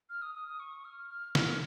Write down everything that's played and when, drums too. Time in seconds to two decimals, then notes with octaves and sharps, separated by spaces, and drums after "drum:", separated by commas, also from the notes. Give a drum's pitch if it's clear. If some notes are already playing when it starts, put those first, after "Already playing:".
0.10 F6
0.22 D#6
0.35 D#6
0.48 D#6
0.60 C#6
0.85 F6
1.10 F6
1.35 F6, drum: snare